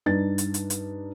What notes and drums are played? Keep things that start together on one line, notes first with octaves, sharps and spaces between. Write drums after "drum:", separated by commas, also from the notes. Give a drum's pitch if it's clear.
G2 D4 D#4 A6
drum: hi-hat
drum: hi-hat
drum: hi-hat